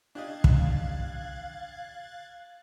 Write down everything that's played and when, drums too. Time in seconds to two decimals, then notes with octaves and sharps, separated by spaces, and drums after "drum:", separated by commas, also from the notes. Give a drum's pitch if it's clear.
0.15 D4 G4 D#5 F5 F#6 G#6 A6
0.44 drum: kick